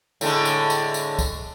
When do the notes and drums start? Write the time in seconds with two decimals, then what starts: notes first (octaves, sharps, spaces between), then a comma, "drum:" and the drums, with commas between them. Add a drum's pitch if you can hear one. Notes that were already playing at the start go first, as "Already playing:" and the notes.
0.21 A2 D3 G#3, drum: tambourine
0.45 drum: tambourine
0.70 drum: tambourine
0.94 drum: tambourine
1.19 drum: kick, tambourine